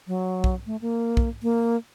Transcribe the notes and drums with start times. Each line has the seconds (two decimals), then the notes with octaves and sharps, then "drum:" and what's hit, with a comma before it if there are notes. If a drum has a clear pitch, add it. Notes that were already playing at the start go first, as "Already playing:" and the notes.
0.07 F#3
0.44 drum: kick
0.66 A3
0.81 A#3
1.17 drum: kick
1.42 A#3